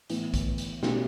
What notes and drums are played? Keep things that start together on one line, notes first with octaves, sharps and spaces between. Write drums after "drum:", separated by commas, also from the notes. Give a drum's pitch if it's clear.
A2 E3 B3 E4, drum: hi-hat
drum: kick A#1, hi-hat
drum: hi-hat
B2 A3 C#4 G4, drum: snare